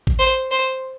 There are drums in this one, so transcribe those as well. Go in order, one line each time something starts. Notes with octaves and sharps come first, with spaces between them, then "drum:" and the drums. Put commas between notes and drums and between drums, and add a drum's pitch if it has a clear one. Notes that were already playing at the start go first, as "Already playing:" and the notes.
drum: kick A1
C5
C5